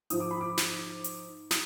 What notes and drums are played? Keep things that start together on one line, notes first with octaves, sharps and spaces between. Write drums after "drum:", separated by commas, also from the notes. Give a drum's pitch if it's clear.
G#2 F3 D#6, drum: hi-hat
D6
B5
D6
drum: snare
drum: hi-hat
D#6, drum: snare